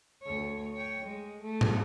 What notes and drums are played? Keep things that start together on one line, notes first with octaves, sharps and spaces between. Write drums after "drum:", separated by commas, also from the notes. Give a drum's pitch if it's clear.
D2 C#5
C#5 G5
G#3
A3
drum: tom G#2